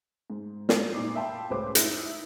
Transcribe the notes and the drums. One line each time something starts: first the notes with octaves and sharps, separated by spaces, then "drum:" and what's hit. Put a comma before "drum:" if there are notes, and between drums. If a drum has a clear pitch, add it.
G#2
drum: snare
A#2 D#4 D6 C7
E5 F5 G5 A5 B5 C6
C#2 A2 C#4 B4 C5 D6
D#4 E4, drum: hi-hat